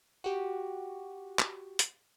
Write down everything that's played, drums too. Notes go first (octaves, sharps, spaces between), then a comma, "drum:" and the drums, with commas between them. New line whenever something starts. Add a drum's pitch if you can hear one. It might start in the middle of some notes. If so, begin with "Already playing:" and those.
F#4 G4
drum: clap
drum: hi-hat